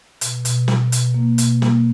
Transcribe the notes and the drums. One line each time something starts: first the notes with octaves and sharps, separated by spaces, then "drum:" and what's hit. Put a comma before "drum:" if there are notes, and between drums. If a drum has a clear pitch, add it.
B2, drum: hi-hat
B2, drum: hi-hat
B2, drum: snare
B2, drum: hi-hat
A#3
B2, drum: hi-hat
A#3, drum: snare